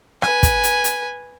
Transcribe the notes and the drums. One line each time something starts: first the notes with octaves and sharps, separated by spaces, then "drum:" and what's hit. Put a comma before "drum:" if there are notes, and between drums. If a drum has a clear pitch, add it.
B4 G#5, drum: rim click
drum: kick, hi-hat
drum: hi-hat
drum: hi-hat